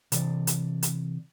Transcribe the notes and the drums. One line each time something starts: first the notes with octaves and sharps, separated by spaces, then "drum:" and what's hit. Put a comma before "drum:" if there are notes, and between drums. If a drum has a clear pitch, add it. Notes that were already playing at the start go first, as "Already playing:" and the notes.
C3 E3 D5, drum: hi-hat
drum: hi-hat
drum: hi-hat